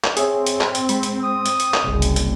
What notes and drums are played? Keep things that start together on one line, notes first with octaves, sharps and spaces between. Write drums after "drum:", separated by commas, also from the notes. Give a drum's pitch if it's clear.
drum: clap
C4 G#4 C#5 E5, drum: hi-hat
drum: hi-hat
drum: clap
drum: hi-hat
G#3 B5, drum: hi-hat
drum: hi-hat
D#6
drum: hi-hat
drum: hi-hat
drum: clap
F#1 C2 C3 G#4
drum: hi-hat
drum: hi-hat